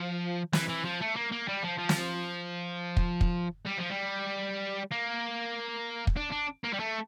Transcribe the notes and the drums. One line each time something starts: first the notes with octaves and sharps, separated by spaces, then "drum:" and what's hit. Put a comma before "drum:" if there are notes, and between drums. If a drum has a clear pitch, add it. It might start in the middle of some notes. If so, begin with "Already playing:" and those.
Already playing: F3
E3, drum: snare
E3
F3
A3
A#3
A#3
G3
F3
F3
drum: snare
drum: kick
drum: kick
G3
F3
G3
A#3
drum: kick
D4
D4
A#3
G3
A3